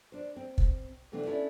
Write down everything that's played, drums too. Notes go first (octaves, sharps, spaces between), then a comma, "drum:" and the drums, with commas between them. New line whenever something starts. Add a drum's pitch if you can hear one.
D4 C5
C4
drum: kick
C3 E3 A3 B3 C4 D4
C#4 D4 E4 A4 C#5 D5